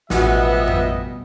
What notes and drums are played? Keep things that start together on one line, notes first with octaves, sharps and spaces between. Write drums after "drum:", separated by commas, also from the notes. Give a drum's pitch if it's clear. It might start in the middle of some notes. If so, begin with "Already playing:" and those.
A1 B2 F3 G3 B3 G#4 D#5 E5, drum: snare
drum: tom F2